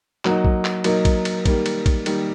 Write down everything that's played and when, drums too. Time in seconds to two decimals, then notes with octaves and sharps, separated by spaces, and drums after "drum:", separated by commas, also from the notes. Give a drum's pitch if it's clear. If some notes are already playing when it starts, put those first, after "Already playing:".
0.25 F#3 A#3 D#4, drum: clap
0.45 drum: kick A#1
0.65 drum: clap
0.84 F#3 A#3 D#4, drum: cymbal
1.05 drum: kick A#1, cymbal
1.25 drum: cymbal
1.46 D#3 G3 A#3, drum: kick A#1, cymbal
1.66 drum: cymbal
1.86 drum: kick A#1, cymbal
2.06 D#3 G3 A#3, drum: cymbal